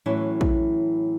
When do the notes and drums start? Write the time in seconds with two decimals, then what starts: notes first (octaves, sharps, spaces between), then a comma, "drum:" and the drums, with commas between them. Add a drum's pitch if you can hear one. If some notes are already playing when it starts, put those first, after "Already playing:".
0.06 A2 E3 F#3 C#4 E4
0.41 drum: kick A#1